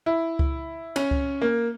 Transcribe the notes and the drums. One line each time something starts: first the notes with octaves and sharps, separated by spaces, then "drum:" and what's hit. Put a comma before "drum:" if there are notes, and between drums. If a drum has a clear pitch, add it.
E4
drum: kick C#2
C#4, drum: cymbal
drum: kick C#2
A#3